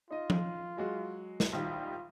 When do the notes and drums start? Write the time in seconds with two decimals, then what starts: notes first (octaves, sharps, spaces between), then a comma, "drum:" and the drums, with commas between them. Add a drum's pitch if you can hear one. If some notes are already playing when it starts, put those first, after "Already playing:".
0.11 D#4 F4 D#5
0.30 drum: tom F3
0.77 F#3 G#3 F#4
1.40 drum: snare
1.53 A#1 D#3 G3 F4